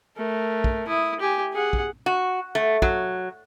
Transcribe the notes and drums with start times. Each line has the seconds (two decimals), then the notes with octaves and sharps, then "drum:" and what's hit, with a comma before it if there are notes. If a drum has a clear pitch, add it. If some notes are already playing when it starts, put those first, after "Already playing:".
0.16 A3 A#4
0.64 drum: kick
0.88 E4 D#6
1.20 G4 G#5
1.53 G#4 F#5
1.73 drum: kick
2.06 F#4
2.55 A3
2.82 F#3, drum: kick